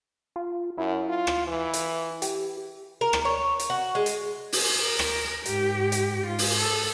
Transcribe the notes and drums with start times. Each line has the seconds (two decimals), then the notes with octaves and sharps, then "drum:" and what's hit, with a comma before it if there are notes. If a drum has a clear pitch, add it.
0.36 F4
0.78 F#2 E4
1.09 F4
1.27 drum: rim click
1.47 E3
1.73 drum: hi-hat
2.22 G4, drum: hi-hat
3.01 A#4
3.13 drum: rim click
3.25 C#5
3.59 drum: hi-hat
3.70 F#4
3.95 G#3
4.06 drum: hi-hat
4.52 drum: open hi-hat
4.79 A#4
4.99 drum: rim click
5.45 G#2 G4, drum: hi-hat
5.92 drum: hi-hat
6.25 G#2 F4
6.38 drum: open hi-hat
6.57 A4